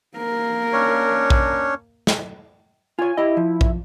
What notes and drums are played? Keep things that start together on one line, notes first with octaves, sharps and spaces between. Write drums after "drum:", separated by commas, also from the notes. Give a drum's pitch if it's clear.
A#3 A#4
C#4 D4 C#5
drum: kick A#1
drum: snare
F4 C#5 G#5
E4 G4 D#5
F3
drum: kick A#1